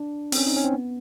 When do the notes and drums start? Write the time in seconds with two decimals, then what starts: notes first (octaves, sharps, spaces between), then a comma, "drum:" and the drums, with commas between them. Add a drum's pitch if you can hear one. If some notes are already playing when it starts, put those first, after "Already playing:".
Already playing: D4
0.32 C4, drum: open hi-hat
0.38 C#4
0.47 D#4
0.56 C#4
0.64 C4
0.74 B3